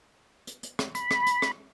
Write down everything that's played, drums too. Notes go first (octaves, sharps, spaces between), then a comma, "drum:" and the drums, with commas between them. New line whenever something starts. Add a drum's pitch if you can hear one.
drum: hi-hat
drum: hi-hat
drum: rim click
B5, drum: hi-hat
drum: rim click
drum: hi-hat
drum: rim click